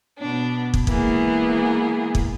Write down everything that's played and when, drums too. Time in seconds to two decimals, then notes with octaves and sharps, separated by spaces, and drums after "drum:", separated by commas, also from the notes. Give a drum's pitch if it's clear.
0.17 B2 D4
0.74 drum: kick
0.87 E3 G#3 A#3 B3 G#4, drum: kick
2.15 drum: kick